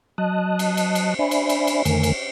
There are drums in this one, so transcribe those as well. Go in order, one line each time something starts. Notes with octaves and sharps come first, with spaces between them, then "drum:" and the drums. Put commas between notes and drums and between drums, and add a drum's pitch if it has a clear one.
F#3 D#5 A5 D#6 F#6
drum: cymbal
drum: cymbal
drum: cymbal
D4 C5 D5 E5 G#5 B5
drum: cymbal
drum: cymbal
drum: cymbal
F2 D3 D#3 A3 A#4 G#5, drum: cymbal
drum: cymbal